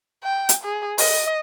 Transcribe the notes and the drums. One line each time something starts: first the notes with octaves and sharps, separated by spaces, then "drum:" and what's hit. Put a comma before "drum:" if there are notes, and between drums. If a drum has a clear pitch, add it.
G5
drum: hi-hat
G#4
D#5, drum: open hi-hat